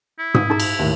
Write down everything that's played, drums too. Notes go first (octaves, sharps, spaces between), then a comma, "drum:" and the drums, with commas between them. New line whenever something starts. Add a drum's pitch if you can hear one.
E4
D#6, drum: tom G#2
D#4 G#4 A#5
drum: cymbal
D#2 A2